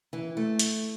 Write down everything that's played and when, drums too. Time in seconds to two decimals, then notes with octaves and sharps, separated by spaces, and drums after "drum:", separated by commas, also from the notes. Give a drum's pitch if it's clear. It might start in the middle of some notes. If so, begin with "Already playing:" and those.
0.13 E3
0.37 A3
0.59 drum: hi-hat